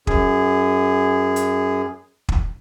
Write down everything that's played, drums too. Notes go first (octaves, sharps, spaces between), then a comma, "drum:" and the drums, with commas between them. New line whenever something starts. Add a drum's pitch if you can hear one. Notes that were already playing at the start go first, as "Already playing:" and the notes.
F#2 G#4, drum: kick
drum: hi-hat
drum: kick